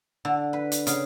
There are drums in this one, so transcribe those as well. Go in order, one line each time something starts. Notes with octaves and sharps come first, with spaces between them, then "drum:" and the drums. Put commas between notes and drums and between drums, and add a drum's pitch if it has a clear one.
D3
B4
drum: hi-hat
C#3, drum: hi-hat